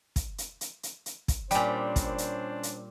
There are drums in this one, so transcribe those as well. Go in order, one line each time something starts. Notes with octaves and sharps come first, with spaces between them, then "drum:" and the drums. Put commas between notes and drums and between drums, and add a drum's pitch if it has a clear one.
drum: kick, hi-hat
drum: hi-hat
drum: hi-hat
drum: hi-hat
drum: hi-hat
drum: kick, hi-hat
A#2 G3 C#4 D4 C5 G5 G#5, drum: hi-hat
drum: kick, hi-hat
drum: hi-hat
drum: hi-hat